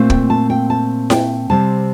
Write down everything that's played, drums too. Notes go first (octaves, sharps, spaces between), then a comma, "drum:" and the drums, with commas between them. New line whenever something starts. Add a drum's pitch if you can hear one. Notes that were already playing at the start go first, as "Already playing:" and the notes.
Already playing: A#2 A3 C4
G5, drum: kick
A5
G5
A5
G5, drum: snare E4
C3 G3 C4 A5